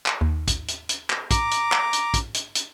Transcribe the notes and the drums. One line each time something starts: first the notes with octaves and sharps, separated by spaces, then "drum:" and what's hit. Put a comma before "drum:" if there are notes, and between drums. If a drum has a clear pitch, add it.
drum: clap
D#2
drum: kick, hi-hat
drum: hi-hat
drum: hi-hat
drum: clap
A#5 D6, drum: kick, hi-hat
drum: hi-hat
drum: clap
drum: hi-hat
drum: kick, hi-hat
drum: hi-hat
drum: hi-hat